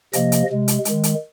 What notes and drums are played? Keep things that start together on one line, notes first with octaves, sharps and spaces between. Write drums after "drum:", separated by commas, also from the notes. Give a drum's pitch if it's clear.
C3 F3 A#3 D#5, drum: hi-hat
drum: hi-hat
C3 G#3
drum: hi-hat
D#3 G#3, drum: hi-hat
drum: hi-hat